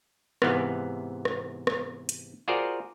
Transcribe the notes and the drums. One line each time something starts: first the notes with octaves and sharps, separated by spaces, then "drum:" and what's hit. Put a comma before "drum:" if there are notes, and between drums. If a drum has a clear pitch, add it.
G#2 C3 E3 B3 F5, drum: rim click
drum: rim click
drum: rim click
drum: hi-hat
F4 F#4 G#4 A#4 C5 D5